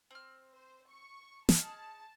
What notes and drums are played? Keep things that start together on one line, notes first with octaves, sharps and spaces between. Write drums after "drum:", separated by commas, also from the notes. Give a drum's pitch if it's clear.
C4 F6
C5
C#6
D#4 G#4 A5 F6, drum: snare